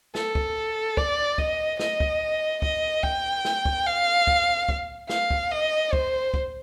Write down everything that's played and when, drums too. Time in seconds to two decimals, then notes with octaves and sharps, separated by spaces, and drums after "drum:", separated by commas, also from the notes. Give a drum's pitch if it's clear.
0.15 A4, drum: snare
0.35 drum: kick
0.97 D5, drum: kick
1.38 D#5, drum: kick
1.79 D#5, drum: snare
2.00 drum: kick
2.62 D#5, drum: kick
3.03 G5, drum: kick
3.45 drum: snare
3.65 drum: kick
3.87 F5
4.27 drum: kick
4.69 drum: kick
5.09 F5, drum: snare
5.31 drum: kick
5.51 D#5
5.93 C5, drum: kick
6.34 drum: kick